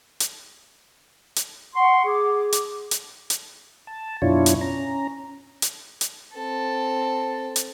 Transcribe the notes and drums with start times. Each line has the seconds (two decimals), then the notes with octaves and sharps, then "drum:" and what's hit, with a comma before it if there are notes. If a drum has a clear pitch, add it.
0.20 drum: hi-hat
1.36 drum: hi-hat
1.75 F#5 C6 C#6
2.05 G#4 D6
2.52 drum: hi-hat
2.91 drum: hi-hat
3.30 drum: hi-hat
3.87 A5
4.22 F#2 B2 D4 E4 F4 C#5
4.46 drum: hi-hat
4.61 C#4 A#5
5.62 drum: hi-hat
6.01 drum: hi-hat
6.35 C4 A4
7.56 drum: hi-hat